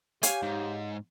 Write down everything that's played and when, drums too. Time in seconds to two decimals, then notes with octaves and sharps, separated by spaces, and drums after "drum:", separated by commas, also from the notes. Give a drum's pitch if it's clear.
0.23 G4 C#5 F5 G#5, drum: hi-hat
0.43 G#2